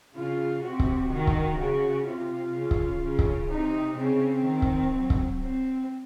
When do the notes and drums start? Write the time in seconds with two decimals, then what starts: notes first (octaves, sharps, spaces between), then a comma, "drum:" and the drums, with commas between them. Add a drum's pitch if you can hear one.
0.15 C#3 F4
0.63 C3 F#4
0.79 drum: kick C#1
1.12 D#3 F#4
1.27 drum: kick C#1
1.59 C#3 F#4
2.07 C3 F4
2.55 C#3
2.71 drum: kick C#1
3.03 C#3
3.19 drum: kick C#1
3.51 C3 D#4
3.98 C#3 C4
4.46 D#3
4.62 drum: kick C#1
4.94 F#3
5.10 drum: kick C#1
5.41 C4